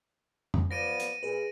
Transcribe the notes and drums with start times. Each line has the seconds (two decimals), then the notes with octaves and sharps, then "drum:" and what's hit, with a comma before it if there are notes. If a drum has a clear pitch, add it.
0.54 drum: tom F2
0.71 F3 B3 D5 A#6 D7 D#7
1.00 drum: hi-hat
1.23 A#2 G#4 B4